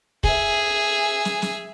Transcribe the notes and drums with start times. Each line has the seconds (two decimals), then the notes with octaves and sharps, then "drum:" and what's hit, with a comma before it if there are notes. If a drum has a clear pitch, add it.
0.23 G#4 E5, drum: kick
1.25 drum: snare
1.42 drum: snare